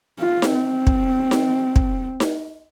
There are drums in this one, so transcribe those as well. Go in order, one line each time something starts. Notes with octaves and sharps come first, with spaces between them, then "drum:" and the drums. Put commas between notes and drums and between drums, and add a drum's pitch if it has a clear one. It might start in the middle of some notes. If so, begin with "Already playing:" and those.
F4
drum: snare D#4
C4
drum: kick
drum: snare D#4
drum: kick
drum: snare D#4